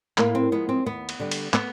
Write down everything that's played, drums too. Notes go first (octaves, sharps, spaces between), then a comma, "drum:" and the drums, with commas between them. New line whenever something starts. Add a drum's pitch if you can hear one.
A2 A#3, drum: clap
C4
F3 G#3 B3
C4
D#2 B3
drum: cymbal
D3 G3
drum: cymbal
B3, drum: clap